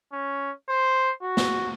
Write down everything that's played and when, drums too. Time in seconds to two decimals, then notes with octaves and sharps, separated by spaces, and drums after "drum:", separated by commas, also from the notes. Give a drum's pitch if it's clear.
0.13 C#4
0.69 C5
1.22 F#4
1.37 drum: snare